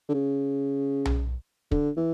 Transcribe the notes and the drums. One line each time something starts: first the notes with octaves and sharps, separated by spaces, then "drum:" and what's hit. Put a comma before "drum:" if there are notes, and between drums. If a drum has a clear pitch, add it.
D3
C#3
drum: tom B1
D3, drum: kick
E3